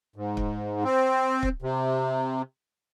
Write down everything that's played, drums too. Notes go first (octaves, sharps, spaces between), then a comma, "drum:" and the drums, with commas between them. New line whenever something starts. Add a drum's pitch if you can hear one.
G#2
drum: kick
C4
drum: kick
C3